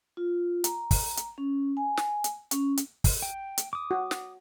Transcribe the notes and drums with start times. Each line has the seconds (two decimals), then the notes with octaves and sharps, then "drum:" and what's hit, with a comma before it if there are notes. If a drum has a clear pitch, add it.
0.17 F4
0.64 A#5, drum: hi-hat
0.91 drum: kick, open hi-hat
1.17 drum: hi-hat
1.38 C#4
1.77 G#5
1.97 drum: snare
2.24 drum: hi-hat
2.51 C#4, drum: hi-hat
2.77 drum: hi-hat
3.04 drum: kick, open hi-hat
3.22 G5
3.58 drum: hi-hat
3.73 D6 D#6
3.91 F#4
4.11 drum: snare